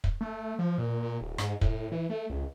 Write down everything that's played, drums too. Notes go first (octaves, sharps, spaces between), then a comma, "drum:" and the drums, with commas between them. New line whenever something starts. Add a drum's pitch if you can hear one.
drum: kick
A3
F3
A#2
A#2
D1
G#2, drum: rim click
A2, drum: kick
E3
A3
C#2